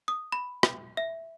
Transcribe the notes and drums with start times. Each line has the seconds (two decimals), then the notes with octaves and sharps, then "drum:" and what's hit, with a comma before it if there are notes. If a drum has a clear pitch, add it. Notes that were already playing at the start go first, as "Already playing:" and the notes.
0.08 D#6
0.32 B5
0.63 drum: rim click
0.97 E5